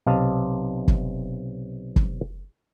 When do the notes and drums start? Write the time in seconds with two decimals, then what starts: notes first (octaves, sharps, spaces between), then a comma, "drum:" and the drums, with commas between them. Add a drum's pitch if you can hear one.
0.06 B1 C3 D#5 F5 A5
0.88 drum: kick
1.96 drum: kick